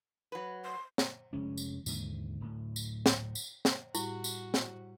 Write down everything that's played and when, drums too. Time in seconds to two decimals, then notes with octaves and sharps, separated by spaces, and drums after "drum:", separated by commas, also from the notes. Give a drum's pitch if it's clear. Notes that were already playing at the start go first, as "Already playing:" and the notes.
0.32 F#3 B4
0.64 C6
0.98 drum: snare
1.33 F1 G#3 C#4
1.57 drum: tambourine
1.86 D#2 G#2 D3 E3, drum: tambourine
2.41 D1 A2
2.76 drum: tambourine
3.06 drum: snare
3.35 drum: tambourine
3.65 drum: snare
3.95 A2 G3 E4 F#4, drum: tambourine
4.24 drum: tambourine
4.54 drum: snare